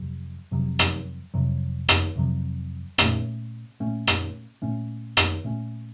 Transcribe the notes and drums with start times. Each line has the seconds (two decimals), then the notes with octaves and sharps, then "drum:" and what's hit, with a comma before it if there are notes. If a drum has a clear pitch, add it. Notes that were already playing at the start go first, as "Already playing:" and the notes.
Already playing: F2 C3 F#3
0.51 F2 C3 F#3
0.79 drum: rim click
1.34 F2 C3 F#3
1.88 drum: rim click
2.16 F2 C3 F#3
2.98 A#2 A3 C#4, drum: rim click
3.80 A#2 A3 C#4
4.07 drum: rim click
4.62 A#2 A3 C#4
5.17 drum: rim click
5.44 A#2 A3 C#4